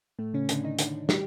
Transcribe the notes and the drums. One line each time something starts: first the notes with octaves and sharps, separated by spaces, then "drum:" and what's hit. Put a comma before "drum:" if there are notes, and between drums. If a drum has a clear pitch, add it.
A2 A3
C#3 C#4
D3 D4, drum: hi-hat
D#3 D#4
D3 D4, drum: hi-hat
G3 G4, drum: snare